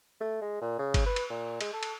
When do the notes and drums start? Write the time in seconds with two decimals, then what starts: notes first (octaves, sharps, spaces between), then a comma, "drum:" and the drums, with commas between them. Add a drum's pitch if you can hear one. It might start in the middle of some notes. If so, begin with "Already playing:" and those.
0.20 A3
0.42 G#3
0.61 A#2
0.78 C#3
0.94 drum: kick G1, cymbal
1.06 B4
1.16 drum: cymbal
1.30 A#2
1.61 G#3, drum: cymbal
1.73 A4
1.83 drum: cymbal